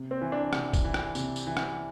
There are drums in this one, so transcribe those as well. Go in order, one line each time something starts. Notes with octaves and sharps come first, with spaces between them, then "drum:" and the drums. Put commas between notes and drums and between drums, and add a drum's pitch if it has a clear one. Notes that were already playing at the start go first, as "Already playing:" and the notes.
Already playing: C3
C4
E3
D4
C3, drum: rim click
drum: kick, tambourine
E3
drum: rim click
C3, drum: tambourine
drum: tambourine
E3
drum: rim click